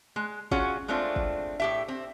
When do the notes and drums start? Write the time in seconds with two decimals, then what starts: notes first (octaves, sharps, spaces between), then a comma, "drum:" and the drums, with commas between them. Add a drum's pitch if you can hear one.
0.16 G#3, drum: tom G#3
0.51 C#4 F4 F#4 G#4 C#5, drum: kick
0.88 G#3 A3 C4 D4 F4
1.16 drum: kick
1.60 A2 G4 E5
1.88 C4